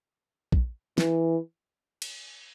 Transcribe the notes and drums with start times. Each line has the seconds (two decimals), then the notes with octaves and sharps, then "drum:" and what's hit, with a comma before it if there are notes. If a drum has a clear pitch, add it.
0.52 drum: kick
0.98 E3, drum: snare
2.02 drum: cymbal